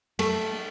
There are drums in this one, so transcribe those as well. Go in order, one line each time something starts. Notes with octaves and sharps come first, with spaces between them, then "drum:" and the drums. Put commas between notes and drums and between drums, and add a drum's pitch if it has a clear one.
A3, drum: cymbal